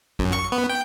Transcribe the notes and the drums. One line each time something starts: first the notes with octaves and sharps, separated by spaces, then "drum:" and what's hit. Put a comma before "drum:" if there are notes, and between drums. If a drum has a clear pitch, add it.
F#2, drum: kick
C#6, drum: clap
B3
G5